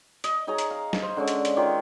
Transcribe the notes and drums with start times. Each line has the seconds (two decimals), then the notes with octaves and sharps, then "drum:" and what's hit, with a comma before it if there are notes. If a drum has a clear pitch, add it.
0.24 D#5, drum: hi-hat
0.47 D#4 G#4 C#5 A#5
0.58 drum: hi-hat
0.70 F5
0.93 drum: snare
1.02 C5
1.17 D3 G#3 C#4
1.28 drum: hi-hat
1.45 drum: hi-hat
1.56 D#3 F4 C#5 D5